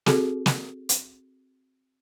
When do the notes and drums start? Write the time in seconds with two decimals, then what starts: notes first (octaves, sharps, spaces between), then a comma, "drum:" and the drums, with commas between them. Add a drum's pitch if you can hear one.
0.06 C4 F#4 G#4 A4, drum: snare
0.46 drum: snare
0.89 drum: hi-hat